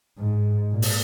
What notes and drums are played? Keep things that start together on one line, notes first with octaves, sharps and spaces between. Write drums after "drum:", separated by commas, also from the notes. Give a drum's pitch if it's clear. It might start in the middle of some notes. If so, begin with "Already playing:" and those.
G#2
A#2
drum: open hi-hat